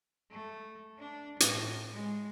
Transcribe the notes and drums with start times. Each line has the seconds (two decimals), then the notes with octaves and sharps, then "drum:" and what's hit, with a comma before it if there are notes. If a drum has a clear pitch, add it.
0.32 A3
0.99 D4
1.40 A2, drum: hi-hat
1.92 G#3